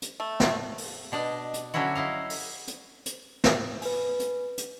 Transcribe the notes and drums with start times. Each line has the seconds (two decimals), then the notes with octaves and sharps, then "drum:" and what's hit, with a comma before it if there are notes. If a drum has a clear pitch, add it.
0.02 drum: hi-hat
0.20 A3
0.40 drum: snare
0.78 drum: open hi-hat
1.12 B2 D4 D5 D#5
1.54 drum: hi-hat
1.74 D3 F#3 C#4 D4 E4 F#4
1.95 F#3 E4 D#5 F5
2.30 drum: open hi-hat
2.68 drum: hi-hat
3.06 drum: hi-hat
3.44 drum: snare
3.82 B4 G#5, drum: open hi-hat
4.20 drum: hi-hat
4.58 drum: hi-hat